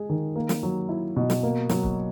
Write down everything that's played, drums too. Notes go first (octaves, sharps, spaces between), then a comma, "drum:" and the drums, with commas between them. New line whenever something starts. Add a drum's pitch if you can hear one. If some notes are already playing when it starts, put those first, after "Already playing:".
Already playing: G#3 G#4
D#3
A#3
drum: snare
F#3
E4
B2
drum: snare
A#3
F#3, drum: snare
drum: kick